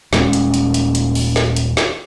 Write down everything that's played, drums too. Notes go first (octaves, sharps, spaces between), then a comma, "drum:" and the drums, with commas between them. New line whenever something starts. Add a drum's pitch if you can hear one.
D#1 G#3 A#3 C#4, drum: snare
drum: hi-hat
drum: hi-hat
drum: hi-hat
drum: hi-hat
drum: open hi-hat
drum: snare
drum: hi-hat
drum: snare